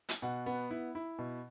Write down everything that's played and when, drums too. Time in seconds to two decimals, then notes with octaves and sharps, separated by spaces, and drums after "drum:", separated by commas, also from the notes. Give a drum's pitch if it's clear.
0.09 drum: hi-hat
0.22 B2 F#5
0.46 B3
0.70 E4
0.95 E4
1.19 B2